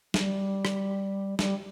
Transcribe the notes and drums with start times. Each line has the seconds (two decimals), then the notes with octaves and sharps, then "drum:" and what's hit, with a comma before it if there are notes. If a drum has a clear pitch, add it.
0.14 G3, drum: snare
0.65 drum: rim click
1.39 G3, drum: snare